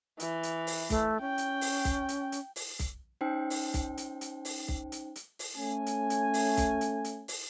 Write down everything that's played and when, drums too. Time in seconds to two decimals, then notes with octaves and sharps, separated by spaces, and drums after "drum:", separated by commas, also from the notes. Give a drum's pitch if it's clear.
0.20 E3, drum: hi-hat
0.43 drum: hi-hat
0.67 drum: open hi-hat
0.90 A3, drum: kick B1, hi-hat
1.21 C#4 G5
1.38 drum: hi-hat
1.61 drum: open hi-hat
1.85 drum: kick B1, hi-hat
2.09 drum: hi-hat
2.32 drum: hi-hat
2.56 drum: open hi-hat
2.79 drum: kick B1, hi-hat
3.21 C#4 D#4 C5 G5
3.50 drum: open hi-hat
3.74 drum: kick B1, hi-hat
3.97 drum: hi-hat
4.21 drum: hi-hat
4.45 drum: open hi-hat
4.68 drum: kick B1
4.92 drum: hi-hat
5.16 drum: hi-hat
5.39 drum: open hi-hat
5.56 A3 C#4 G#5
5.86 drum: hi-hat
6.10 drum: hi-hat
6.34 drum: open hi-hat
6.57 drum: kick B1, hi-hat
6.81 drum: hi-hat
7.04 drum: hi-hat
7.28 drum: open hi-hat